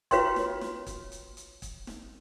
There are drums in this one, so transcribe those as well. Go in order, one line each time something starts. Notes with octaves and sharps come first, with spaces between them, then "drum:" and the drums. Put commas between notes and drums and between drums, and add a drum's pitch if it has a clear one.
F4 F#4 B4 C#5 G5 C6, drum: kick, hi-hat
drum: snare
drum: snare
drum: kick, hi-hat
drum: hi-hat
drum: hi-hat
drum: kick, hi-hat
drum: snare